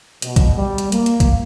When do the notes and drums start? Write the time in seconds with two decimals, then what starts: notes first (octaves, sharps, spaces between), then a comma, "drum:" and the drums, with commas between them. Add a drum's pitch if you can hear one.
0.22 B2, drum: hi-hat
0.36 drum: kick, hi-hat
0.57 G3
0.78 drum: hi-hat
0.92 A#3, drum: hi-hat
1.06 drum: hi-hat
1.20 drum: kick, hi-hat